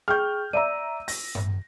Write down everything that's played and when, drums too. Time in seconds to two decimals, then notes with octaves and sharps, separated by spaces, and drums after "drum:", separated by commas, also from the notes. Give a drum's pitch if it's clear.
0.08 G#4 G5 C#6 F6 G6
0.53 D5 E5 A#5 E6 D#7
1.08 A#6, drum: open hi-hat
1.35 drum: tom G2